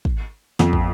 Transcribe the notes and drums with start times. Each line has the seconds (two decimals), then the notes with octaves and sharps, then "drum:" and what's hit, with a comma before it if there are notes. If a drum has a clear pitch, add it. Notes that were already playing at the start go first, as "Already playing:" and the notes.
0.05 drum: kick
0.59 F2, drum: snare
0.73 drum: kick